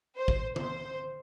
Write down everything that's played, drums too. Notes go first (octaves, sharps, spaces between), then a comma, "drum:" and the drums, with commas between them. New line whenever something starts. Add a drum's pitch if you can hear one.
C5
drum: kick
C5, drum: tom